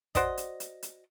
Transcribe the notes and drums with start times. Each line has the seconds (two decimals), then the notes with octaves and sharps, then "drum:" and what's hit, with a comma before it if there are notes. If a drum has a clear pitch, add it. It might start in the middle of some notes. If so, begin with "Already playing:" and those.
0.15 F#4 C5 D5 D#5, drum: kick, hi-hat
0.37 drum: hi-hat
0.60 drum: hi-hat
0.83 drum: hi-hat